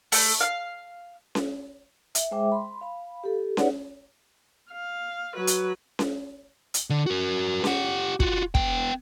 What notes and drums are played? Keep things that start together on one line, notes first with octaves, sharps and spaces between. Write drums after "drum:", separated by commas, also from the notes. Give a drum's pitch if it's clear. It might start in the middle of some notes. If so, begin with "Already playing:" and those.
A3, drum: open hi-hat
F5
drum: snare C#4
E5, drum: hi-hat
G#3 G#4 C5 E5 G5 D6
B5 C6
F5 B5
G4 A4
D#4 G#4 B4 C#5 D5 F#5, drum: snare C#4
F5
F#3 B4
drum: hi-hat
drum: snare C#4
drum: hi-hat
D3
F#4 A#4
G4 F#5, drum: snare C#4
F4 F#4, drum: kick
B3 G5, drum: kick